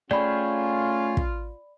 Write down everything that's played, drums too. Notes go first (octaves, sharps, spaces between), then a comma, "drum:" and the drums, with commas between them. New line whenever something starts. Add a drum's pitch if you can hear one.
A3 C#4 F4 G#4 D5 G5 B5
drum: kick